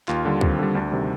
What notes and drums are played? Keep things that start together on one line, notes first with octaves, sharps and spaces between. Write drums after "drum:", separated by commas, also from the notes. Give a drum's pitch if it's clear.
D#2 F4, drum: clap
D3 G3
D#2 C4, drum: kick C#2
D3 G3
D2 D4
C3 D#3 G3